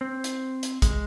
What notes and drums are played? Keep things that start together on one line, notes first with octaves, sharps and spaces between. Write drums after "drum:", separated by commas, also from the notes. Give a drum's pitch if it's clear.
C4
drum: hi-hat
drum: hi-hat
G#3, drum: kick, hi-hat